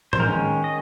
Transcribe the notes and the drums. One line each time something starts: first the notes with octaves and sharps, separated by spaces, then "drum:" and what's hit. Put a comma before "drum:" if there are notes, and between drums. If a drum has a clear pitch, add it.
C5, drum: tom A2
D#3 G#3 C#4 A#4
D#5